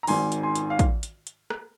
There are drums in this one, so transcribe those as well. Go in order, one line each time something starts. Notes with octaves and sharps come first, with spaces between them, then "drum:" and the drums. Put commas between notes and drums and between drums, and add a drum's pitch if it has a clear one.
A#5
G#1 G#2 D#3 G#5 C6, drum: open hi-hat
drum: hi-hat
G#5 C6
drum: hi-hat
F5
drum: kick, hi-hat
drum: hi-hat
drum: hi-hat
drum: rim click